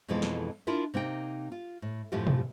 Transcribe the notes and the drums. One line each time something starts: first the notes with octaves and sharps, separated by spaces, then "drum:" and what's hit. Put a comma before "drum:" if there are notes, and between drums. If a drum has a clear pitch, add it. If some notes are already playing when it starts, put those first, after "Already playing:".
F2 B2 E3 G#3 F4 A4
drum: snare
D4 E4 F4 A#4 E5
C3 A#3 D#4 G5
F4
A2
F#2 A2 C3 F3 F4 G4
drum: tom B2